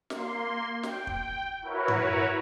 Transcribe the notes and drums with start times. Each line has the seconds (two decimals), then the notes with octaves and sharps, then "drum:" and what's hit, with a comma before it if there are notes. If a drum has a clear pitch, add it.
0.10 A#3 C6, drum: snare
0.83 G5, drum: snare
1.07 drum: kick
1.62 E4 F#4 A#4 B4 C#5
1.88 drum: tom G2